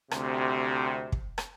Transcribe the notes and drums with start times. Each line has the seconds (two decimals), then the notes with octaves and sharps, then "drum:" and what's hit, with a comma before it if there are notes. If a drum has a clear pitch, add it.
0.11 D2 C3, drum: rim click
1.12 drum: kick
1.38 drum: rim click